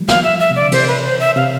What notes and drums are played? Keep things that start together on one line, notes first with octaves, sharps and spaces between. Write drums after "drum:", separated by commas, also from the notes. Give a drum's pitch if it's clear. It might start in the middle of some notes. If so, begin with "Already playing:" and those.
Already playing: E3 F3 G3 A3
F5, drum: snare
E5
E5
C3
D5
D3
C3 E3 C5, drum: cymbal
B4
C5
E5
C3 F5